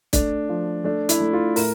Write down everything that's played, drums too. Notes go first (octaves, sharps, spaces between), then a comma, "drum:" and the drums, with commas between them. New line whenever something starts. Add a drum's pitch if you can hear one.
A3 D4, drum: kick, hi-hat
F3
A3 D4
E4, drum: hi-hat
A3
F4
A2 A#4, drum: open hi-hat